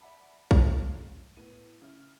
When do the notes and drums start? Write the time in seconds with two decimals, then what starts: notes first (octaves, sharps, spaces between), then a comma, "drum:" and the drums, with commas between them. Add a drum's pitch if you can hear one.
0.01 D5 E5 F#5 A5 B5
0.51 G#2 D3 D#3 G#3, drum: kick
1.37 A2 B3 D#7
1.82 C#3 E4 F6